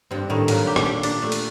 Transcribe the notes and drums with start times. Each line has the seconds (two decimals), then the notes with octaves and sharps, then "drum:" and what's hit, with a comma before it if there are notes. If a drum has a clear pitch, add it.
0.11 G2 C4
0.30 A2 D#3
0.48 A#2 F#3, drum: cymbal
0.67 G4
0.76 drum: rim click
0.86 G4
1.03 D4, drum: cymbal
1.22 A3
1.32 drum: cymbal